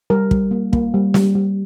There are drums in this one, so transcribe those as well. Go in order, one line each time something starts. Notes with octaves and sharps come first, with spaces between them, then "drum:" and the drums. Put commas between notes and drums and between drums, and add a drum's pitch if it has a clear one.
G3 A#4
G3, drum: kick
A#3
A#3, drum: kick
G3
G3, drum: snare
G3